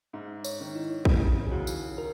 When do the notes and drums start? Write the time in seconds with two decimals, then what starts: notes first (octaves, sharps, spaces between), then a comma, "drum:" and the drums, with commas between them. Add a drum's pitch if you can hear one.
0.13 G#2 E5
0.44 C#5, drum: tambourine
0.61 D#3
0.75 E4
1.05 C#3 E4, drum: kick
1.47 G#4
1.51 D#2 F#4
1.67 drum: tambourine
1.98 A#4